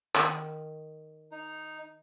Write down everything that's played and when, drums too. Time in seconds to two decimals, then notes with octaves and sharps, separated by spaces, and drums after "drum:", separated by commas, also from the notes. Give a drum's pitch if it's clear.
0.15 D#3, drum: clap
1.32 D#4